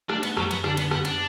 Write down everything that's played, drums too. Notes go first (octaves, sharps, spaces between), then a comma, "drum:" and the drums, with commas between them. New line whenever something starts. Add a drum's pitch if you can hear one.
A3 D4, drum: rim click
B3, drum: cymbal
F#2 F#3, drum: rim click
B3, drum: cymbal
D3 D4, drum: rim click
B3, drum: cymbal
F#2 B3, drum: rim click
D4, drum: cymbal